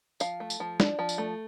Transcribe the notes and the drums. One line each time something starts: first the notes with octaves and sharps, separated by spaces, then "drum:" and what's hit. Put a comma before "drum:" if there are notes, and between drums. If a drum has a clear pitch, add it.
F3 F5, drum: tambourine
A3
drum: tambourine
F3
D4, drum: snare
F3
drum: tambourine
A3